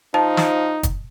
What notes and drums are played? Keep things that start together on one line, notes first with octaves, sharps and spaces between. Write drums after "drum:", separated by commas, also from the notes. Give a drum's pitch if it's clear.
F3 D#4 A5
drum: snare
drum: kick, hi-hat